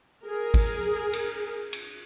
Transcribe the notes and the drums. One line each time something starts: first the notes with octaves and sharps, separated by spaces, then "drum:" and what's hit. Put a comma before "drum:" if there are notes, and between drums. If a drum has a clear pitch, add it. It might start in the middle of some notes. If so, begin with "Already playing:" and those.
G#4 A#4
drum: kick, cymbal
drum: cymbal
drum: cymbal